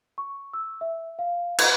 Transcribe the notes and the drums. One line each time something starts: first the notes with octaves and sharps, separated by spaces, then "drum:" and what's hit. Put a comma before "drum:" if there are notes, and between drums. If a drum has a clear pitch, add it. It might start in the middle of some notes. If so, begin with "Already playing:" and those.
C#6
E6
E5
F5
G#6, drum: cymbal